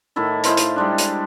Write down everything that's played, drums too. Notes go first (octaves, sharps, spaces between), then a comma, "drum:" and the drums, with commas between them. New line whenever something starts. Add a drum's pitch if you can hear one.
A2 D#3 E4 A4
D#4 E4 C5 F5, drum: hi-hat
drum: hi-hat
G3 G#3 D4
drum: hi-hat